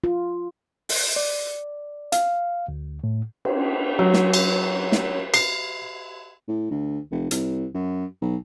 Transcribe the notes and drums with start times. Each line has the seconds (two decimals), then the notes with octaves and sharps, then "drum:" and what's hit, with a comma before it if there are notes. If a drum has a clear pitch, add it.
0.04 F4
0.89 drum: open hi-hat
1.16 D5
2.12 F5, drum: hi-hat
2.68 D2
3.04 A2
3.45 drum: cymbal
3.99 F#3
4.14 drum: snare
4.34 drum: cymbal
4.92 drum: snare
5.34 C7, drum: cymbal
6.48 A2
6.71 D2
7.11 F1
7.31 C2, drum: hi-hat
7.75 F#2
8.22 B1